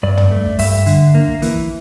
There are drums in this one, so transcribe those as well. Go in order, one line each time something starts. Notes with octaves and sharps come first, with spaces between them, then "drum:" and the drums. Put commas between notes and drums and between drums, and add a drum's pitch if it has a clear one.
G2 D5
drum: tom
A3
drum: kick
G2 E5, drum: kick, open hi-hat
D3, drum: hi-hat
A#3
drum: kick
E3, drum: hi-hat
drum: kick